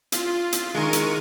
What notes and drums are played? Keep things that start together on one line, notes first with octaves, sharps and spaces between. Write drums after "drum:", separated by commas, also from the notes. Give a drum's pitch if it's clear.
F4, drum: hi-hat
drum: hi-hat
D#3 G#3 A#4 C#6 D#7
drum: hi-hat